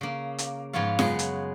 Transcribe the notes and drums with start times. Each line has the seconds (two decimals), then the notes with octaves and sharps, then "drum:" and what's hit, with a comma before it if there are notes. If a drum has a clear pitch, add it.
0.01 C#3 A#3
0.38 drum: hi-hat
0.73 G#2 F3 B3 F4 C#5 F5
0.99 F#2 C#3 G#3 B3, drum: snare F4
1.19 drum: hi-hat